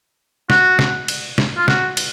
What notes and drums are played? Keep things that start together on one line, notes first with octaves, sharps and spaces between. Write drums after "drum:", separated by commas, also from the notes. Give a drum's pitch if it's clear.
F#4, drum: snare
drum: snare
drum: cymbal
drum: snare
F4
F#4, drum: snare
drum: cymbal